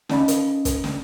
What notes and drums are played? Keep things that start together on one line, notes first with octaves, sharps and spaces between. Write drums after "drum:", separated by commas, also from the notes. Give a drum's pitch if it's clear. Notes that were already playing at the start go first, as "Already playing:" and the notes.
C#4 D#4 D#5 F5 B5, drum: snare
drum: hi-hat
drum: kick, hi-hat
drum: snare